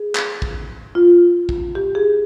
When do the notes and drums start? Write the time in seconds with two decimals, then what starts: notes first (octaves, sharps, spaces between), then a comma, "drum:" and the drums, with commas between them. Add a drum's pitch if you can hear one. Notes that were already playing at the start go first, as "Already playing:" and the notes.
Already playing: G#4
0.15 drum: clap
0.42 drum: kick
0.95 F4
1.49 drum: kick
1.75 G4
1.95 G#4